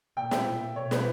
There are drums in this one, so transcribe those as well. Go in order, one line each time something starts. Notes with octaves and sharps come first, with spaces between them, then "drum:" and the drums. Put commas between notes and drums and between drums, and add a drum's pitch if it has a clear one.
A#2 G5
E5, drum: snare
A#2
B2 C#5
B4, drum: snare